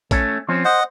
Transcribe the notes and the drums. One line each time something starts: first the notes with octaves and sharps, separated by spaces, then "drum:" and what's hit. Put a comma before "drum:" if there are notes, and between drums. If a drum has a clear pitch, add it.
A3 C#4, drum: kick, hi-hat
F3 C4 C#4
C5 D#5 F#5